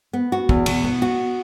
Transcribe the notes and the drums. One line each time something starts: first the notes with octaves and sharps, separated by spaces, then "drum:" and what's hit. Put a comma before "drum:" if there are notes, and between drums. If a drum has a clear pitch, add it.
B3
F#4
E2, drum: kick
B2, drum: cymbal
B3
F#4